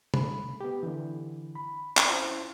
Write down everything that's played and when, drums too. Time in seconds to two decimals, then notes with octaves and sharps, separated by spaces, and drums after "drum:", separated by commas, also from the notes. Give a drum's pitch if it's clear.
0.14 A3 B5, drum: tom C3
0.61 B3 G4
0.83 D3 E3
1.55 B5
1.97 drum: clap
2.08 C#4 E4 F4 C5 A5